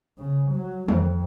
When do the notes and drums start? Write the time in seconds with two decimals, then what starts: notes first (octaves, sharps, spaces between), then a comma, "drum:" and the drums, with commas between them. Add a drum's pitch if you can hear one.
0.18 C#3
0.52 F#3
0.88 F2, drum: tom